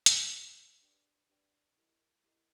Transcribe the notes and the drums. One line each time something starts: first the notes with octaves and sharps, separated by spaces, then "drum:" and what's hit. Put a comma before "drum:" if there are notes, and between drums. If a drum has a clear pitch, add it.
drum: hi-hat
C5 F5 A5 C6
D4 G4 B4 D5 G5
D4 G4 B4 D5 G5
E4 G4 A#4 D#5
E4 G4 A#4 D#5